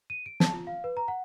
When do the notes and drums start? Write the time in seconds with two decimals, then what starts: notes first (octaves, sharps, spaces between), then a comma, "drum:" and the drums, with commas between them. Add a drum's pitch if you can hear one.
0.10 D#7
0.26 D7
0.40 A5, drum: snare
0.53 F4
0.67 F5
0.84 B4
0.97 A#5
1.08 F#5